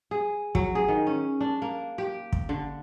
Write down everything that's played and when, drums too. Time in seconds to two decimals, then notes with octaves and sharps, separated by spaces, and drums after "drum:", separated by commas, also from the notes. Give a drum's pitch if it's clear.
0.11 G#4
0.55 F#3, drum: kick
0.75 G#4
0.88 D#3
1.07 C#4
1.41 D4
1.62 A#3
1.98 G4
2.33 drum: kick
2.49 D3